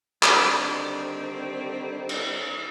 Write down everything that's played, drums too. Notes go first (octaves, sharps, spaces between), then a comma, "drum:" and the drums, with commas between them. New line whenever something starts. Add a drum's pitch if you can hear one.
D3 D#3 G3 C4, drum: clap
drum: cymbal